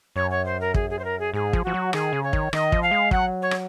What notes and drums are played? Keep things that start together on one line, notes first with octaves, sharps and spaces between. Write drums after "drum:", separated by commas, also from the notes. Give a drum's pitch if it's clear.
F#2 C#5
C#5
C5
A#4
G#4, drum: kick
G#4
C5
A#4
G#4
G#2 G#4
F3, drum: kick
F3 F#4
F#3
D#3 G#4, drum: rim click
C#3
C#5
D#3, drum: kick
D#3 D#5, drum: rim click
F3, drum: kick
F5
G#3
F#3 F#5, drum: kick
C#5
drum: rim click